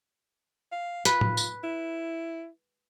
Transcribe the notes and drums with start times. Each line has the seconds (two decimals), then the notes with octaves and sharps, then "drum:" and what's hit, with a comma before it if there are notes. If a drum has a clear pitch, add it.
0.72 F5
1.05 F4 B4, drum: hi-hat
1.21 drum: tom A2
1.37 drum: tambourine
1.63 E4